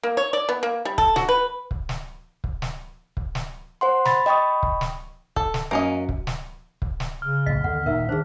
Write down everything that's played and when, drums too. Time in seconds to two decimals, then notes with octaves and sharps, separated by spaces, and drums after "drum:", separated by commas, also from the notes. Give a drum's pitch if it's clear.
0.03 A#3
0.17 C#5
0.33 D5
0.49 B3
0.63 A#3
0.85 G3
0.98 A4, drum: kick
1.16 F#4, drum: snare
1.29 B4
1.71 drum: kick
1.89 drum: snare
2.44 drum: kick
2.62 drum: snare
3.17 drum: kick
3.35 drum: snare
3.81 C5 F#5 C6
4.06 B5 A6, drum: snare
4.26 D#5 G5 B5 C#6 D#6
4.63 drum: kick
4.81 drum: snare
5.36 A4, drum: kick
5.54 drum: snare
5.71 F#2 A#3 C#4 D#5
6.09 drum: kick
6.27 drum: snare
6.82 drum: kick
7.00 drum: snare
7.22 C#3 F6
7.46 B1 A2 D#5 B6
7.64 D#2 D3 B3 F#5
7.86 D#1 A#2 D#4 A#4 E5
8.09 D#3 D4 G#4 C5